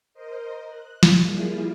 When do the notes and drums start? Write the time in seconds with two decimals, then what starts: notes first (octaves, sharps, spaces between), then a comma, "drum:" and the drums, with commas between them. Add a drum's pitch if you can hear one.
0.14 A#4 C5 D#5
0.67 F#6
1.03 drum: snare
1.21 F3 G3 A#3 E4 F4 G#4